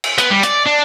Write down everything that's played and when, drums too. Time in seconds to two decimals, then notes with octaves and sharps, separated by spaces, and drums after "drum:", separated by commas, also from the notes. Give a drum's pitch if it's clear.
0.04 drum: cymbal
0.18 B3, drum: hi-hat
0.30 G3
0.43 D5, drum: hi-hat
0.66 D4